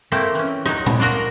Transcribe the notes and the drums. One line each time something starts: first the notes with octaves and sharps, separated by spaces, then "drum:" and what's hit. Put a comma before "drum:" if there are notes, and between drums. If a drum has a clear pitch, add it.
A3 A#3 C4 E4 G4 A4
E3 C#4
F#3 D#4, drum: rim click
drum: tom
D4 F4 F#4 A#4